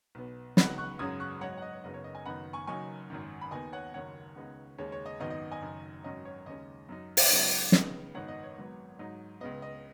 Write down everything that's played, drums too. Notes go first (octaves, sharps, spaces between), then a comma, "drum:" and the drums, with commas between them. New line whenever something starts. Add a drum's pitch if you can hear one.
B1 B2 B3
C#2 C#3 F#3 B3 D#4 F#5 B5, drum: snare
C#6 F#6
G#1 F#2 C#3 F#3 C#4 D#6 G#6
C#6 F#6
G#2 F#3 D#4 C#5 F#5
C#5
F#5
D#5
C#5
F#1 F#2 C#3 B3 D#4 D#5
C#5
D#5
D#5 G#5
F#1 F#2 D#3 B3 D#4 F#5 B5
G#5 C#6
F#1 F#2 F#3 D#4 G#5 C#6
G#1 F#2 D#3
B5
D#2 D#3 B3 D#4 D#5 G#5
C#5 F#5
F#1 F#2 D#3 C#5 F#5
C#2 C#3 B3 D#4
D#2 C#3 G#3 C#4 C#5
C#5
D#5
G#1 F#2 D#3 B3 D#4 D#5
D#5
D#5 G#5
F#1 F#2 D#3
G#1 F#2 F#3 C#4 D#5
C#5
D#2 C#3 G#3 C#4 D#5
F#2 F#3 D#4
drum: open hi-hat
C#2 C#3 F#3 B3 D#4
C#2 C#3 B3 D#4, drum: snare
G#1 F#2 D#3 B3 D#4 C#5 F#5
D#5
C#5
G#1 G#2 F#3 B3
G#2 F#3 D#4
C#2 C#3 B3 D#5
D#5